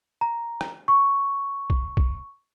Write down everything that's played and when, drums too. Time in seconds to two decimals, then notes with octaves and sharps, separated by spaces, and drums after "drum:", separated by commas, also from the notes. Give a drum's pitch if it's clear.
0.21 A#5
0.61 drum: rim click
0.88 C#6
1.70 drum: kick
1.97 drum: kick